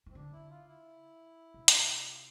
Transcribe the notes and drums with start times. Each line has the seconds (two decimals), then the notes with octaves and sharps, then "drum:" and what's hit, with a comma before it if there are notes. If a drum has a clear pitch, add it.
0.06 E3
0.10 C4
0.15 D3 D4
0.33 E4
0.50 F4
0.67 E4
1.54 C3
1.68 drum: hi-hat
2.01 G4
2.11 F4